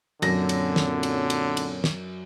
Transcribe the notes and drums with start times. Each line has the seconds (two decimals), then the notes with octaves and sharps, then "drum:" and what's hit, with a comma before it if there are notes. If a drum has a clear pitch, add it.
0.22 F#2 A#2 D3 C4 C#4 A#6, drum: cymbal
0.49 drum: cymbal
0.76 drum: snare
1.03 drum: cymbal
1.30 drum: cymbal
1.57 drum: cymbal
1.84 drum: snare